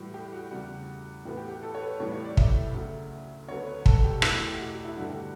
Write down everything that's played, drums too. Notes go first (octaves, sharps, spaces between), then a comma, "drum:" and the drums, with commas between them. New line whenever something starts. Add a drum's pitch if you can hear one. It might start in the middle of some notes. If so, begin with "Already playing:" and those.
Already playing: A2 E3 G3 F#4
G4
F#4
E2 C#3 G3 F#4
A2 E3 B3 F#4
G4
G4
A4
C#5
B4
A2 E3 G3 C#5
C#5
D5
E5, drum: kick
D2 C#3 F#3
D2 D3 F#3 B3 C#5
B4
A4, drum: kick
G4
E2 B2 A3 E4, drum: rim click
F#4
G4
F#4
F#4
E4
G2 D3 A3 F#4
G4